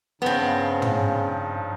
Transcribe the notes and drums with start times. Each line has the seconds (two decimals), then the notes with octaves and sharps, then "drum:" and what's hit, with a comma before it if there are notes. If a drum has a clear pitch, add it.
0.22 G2 C#3 F3 B3 C4 D#4
0.82 drum: tom